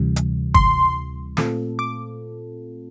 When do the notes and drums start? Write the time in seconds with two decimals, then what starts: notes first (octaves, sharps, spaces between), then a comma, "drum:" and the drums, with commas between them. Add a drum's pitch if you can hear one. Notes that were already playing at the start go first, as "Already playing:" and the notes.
Already playing: D2 C3 E3 G3
0.16 drum: hi-hat
0.54 C6, drum: kick
1.37 A#2 A3 C4 F4 A4, drum: snare
1.79 D6